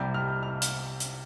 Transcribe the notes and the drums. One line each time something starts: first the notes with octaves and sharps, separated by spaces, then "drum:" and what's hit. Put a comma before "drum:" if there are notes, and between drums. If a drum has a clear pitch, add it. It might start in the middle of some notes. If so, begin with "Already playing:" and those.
Already playing: C2 C3 G3 G6
F6
F6
drum: hi-hat
drum: hi-hat